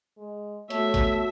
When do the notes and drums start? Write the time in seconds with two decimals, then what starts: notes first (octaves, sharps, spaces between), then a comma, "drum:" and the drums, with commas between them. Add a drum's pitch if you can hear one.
0.18 G#3
0.70 A3 B3 F#4 C#5 E5 A5, drum: hi-hat
0.94 drum: kick A1, hi-hat